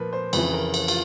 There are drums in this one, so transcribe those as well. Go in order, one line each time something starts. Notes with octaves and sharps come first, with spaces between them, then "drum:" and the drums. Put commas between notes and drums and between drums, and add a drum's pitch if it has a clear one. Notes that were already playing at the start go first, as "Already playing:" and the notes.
Already playing: A#2 F3 A#4 B4
C5
F2 C#3 E3 B4, drum: cymbal
A#4
drum: cymbal
F4, drum: cymbal